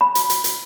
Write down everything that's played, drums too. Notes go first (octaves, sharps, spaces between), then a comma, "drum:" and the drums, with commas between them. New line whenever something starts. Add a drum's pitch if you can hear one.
B5
drum: hi-hat
drum: hi-hat
drum: hi-hat